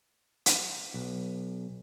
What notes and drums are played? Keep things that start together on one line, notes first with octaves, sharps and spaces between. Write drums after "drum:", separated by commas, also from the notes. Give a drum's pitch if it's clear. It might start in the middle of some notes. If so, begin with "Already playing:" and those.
drum: hi-hat
B1